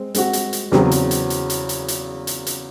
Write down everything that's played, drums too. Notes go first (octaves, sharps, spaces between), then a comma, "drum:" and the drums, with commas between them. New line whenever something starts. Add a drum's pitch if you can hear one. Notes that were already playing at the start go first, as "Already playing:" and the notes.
Already playing: G#3 C4
G#3 C4 F#4, drum: hi-hat
drum: hi-hat
drum: hi-hat
E2 C#3 F#3 C4, drum: snare
drum: hi-hat
drum: hi-hat
drum: hi-hat
drum: hi-hat
drum: hi-hat
drum: hi-hat
drum: hi-hat
drum: hi-hat